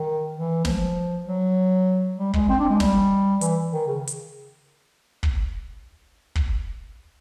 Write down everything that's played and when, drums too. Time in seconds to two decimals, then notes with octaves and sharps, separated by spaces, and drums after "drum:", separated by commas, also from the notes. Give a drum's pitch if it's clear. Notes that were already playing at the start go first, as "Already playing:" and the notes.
Already playing: D#3
0.34 E3
0.65 F3, drum: snare
1.26 F#3
2.18 G3
2.33 G#3, drum: kick
2.49 C4
2.59 D4
2.70 G#3
2.80 G3, drum: snare
3.41 E3, drum: hi-hat
3.72 D#3
3.87 C#3
4.07 drum: hi-hat
5.23 drum: kick
6.35 drum: kick